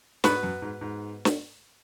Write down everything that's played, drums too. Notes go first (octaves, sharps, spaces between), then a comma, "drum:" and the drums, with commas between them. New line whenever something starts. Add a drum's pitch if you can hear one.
G#2 B3 F#4 B4, drum: snare
F#2
G#2
G#2
drum: snare